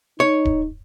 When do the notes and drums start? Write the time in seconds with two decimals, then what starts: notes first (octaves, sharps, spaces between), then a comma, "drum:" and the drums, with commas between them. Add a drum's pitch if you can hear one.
0.20 D#4 C#5
0.45 drum: kick D1